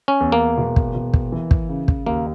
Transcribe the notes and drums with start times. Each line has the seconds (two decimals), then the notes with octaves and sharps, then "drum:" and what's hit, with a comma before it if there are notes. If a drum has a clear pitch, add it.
0.08 C#4
0.20 E2
0.32 A#3
0.58 E1
0.76 drum: kick
0.95 E1
1.14 drum: kick
1.32 E3
1.51 drum: kick
1.69 C#3
1.88 drum: kick
2.06 D#2 A#3